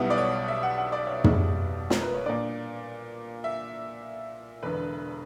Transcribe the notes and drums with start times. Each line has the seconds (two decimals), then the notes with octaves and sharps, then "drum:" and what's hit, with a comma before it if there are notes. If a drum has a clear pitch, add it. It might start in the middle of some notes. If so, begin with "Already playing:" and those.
Already playing: B1 B2 G3 B3 E4 F#5
0.10 D5
0.18 C#5
0.48 E5
0.63 F#5
0.77 F#5
0.92 D5
1.07 C#5
1.24 drum: tom
1.90 A#4, drum: snare
2.02 B4
2.14 C#5
2.26 A#2 A#3 D4 D5
3.44 E5
4.62 E1 E2 D3 B4